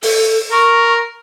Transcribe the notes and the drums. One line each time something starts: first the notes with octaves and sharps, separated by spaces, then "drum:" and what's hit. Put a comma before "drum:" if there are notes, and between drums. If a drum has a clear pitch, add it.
A4, drum: open hi-hat
A#4 C#6